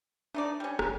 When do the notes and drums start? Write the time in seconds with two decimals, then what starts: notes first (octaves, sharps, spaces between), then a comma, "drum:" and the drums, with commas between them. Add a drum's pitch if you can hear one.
0.34 A3 D4 D#4 D5
0.60 G3 C#4
0.79 F#1, drum: rim click